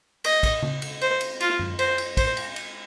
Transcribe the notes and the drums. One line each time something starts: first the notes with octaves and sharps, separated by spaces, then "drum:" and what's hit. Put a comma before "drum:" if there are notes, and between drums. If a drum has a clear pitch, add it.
D#5, drum: cymbal
drum: kick, cymbal
drum: tom C#3
drum: cymbal
C5, drum: cymbal
drum: cymbal
F4, drum: cymbal
drum: tom F#2
C5, drum: cymbal
drum: cymbal
C5, drum: kick, cymbal
drum: cymbal
drum: cymbal